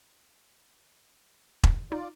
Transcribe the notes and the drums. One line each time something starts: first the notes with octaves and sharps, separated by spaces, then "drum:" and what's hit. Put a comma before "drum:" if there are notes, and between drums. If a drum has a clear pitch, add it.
drum: kick E1
D#4 F4 D5